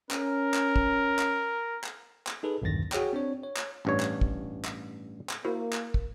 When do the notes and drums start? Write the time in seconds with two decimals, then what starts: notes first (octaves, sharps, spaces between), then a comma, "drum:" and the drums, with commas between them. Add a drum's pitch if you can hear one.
0.11 C#4 A#4, drum: clap
0.54 drum: clap
0.76 drum: kick
1.19 drum: clap
1.84 drum: clap
2.27 drum: clap
2.43 D#4 G#4 A4 B4
2.62 B1 E2 G2 D#3 A6 A#6
2.92 F#4 G#4 C#5 G5, drum: clap
3.13 C4 D4 C#5
3.43 C#5
3.57 drum: clap
3.85 A1 G2 C#5
4.00 drum: clap
4.21 drum: kick
4.65 drum: clap
5.29 drum: clap
5.45 A#3 E4 F#4 A#4 C5
5.73 drum: clap
5.94 drum: kick